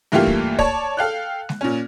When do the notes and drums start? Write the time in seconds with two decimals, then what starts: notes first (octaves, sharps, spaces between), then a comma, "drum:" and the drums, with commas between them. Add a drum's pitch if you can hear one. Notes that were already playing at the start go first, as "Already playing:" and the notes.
0.12 G2 E3 A3 A#3 F4 G4
0.27 drum: kick
0.59 C#5 D5 A5, drum: kick
0.97 A4 F5 G5 F#6
1.49 drum: snare
1.61 A#2 C#4